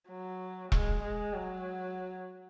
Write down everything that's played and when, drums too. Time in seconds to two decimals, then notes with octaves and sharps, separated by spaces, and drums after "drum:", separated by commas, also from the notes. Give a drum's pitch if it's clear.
0.08 F#3
0.72 G#3, drum: kick E1
1.03 G#3
1.33 F#3